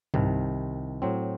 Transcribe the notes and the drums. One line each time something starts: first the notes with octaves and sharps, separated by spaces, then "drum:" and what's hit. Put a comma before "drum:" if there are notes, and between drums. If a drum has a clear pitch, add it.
C2 C3 D#3, drum: tom G2
A2 F#3 C4